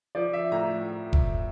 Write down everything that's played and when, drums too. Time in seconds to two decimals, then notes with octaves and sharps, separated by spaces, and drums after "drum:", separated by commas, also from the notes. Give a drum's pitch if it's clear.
0.15 F3 D5
0.33 E5
0.52 A2 A#5
1.13 drum: kick E1